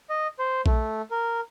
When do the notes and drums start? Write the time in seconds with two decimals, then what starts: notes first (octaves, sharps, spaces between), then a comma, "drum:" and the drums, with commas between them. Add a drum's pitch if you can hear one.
0.10 D#5
0.39 C5
0.66 A3, drum: kick A#1
1.11 A#4